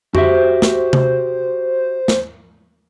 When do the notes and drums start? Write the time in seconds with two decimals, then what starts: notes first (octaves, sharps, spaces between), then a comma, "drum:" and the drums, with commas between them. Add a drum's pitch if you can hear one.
0.15 F#4 G4 C5 E5, drum: tom F2
0.62 drum: snare
0.93 drum: tom C3
2.08 drum: snare